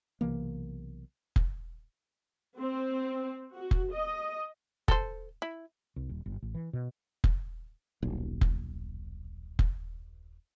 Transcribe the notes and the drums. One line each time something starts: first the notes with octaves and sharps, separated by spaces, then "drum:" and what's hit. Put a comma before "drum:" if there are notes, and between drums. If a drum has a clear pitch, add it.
B1 C3 E3 A#3
drum: kick F1
C4
F#4
drum: kick F1
D#5
A4 C5, drum: kick F1
E4
C2
D#1
G1
A1
E3
B2
drum: kick F1
D#1 B1
drum: kick F1
drum: kick F1